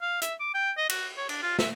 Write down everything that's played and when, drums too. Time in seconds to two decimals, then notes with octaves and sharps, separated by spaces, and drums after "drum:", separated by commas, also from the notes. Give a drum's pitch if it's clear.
0.01 F5
0.22 E5, drum: hi-hat
0.40 D6
0.54 G5
0.77 D#5
0.90 F#4, drum: cymbal
1.17 C#5
1.29 D4, drum: cymbal
1.42 F4
1.59 E5, drum: snare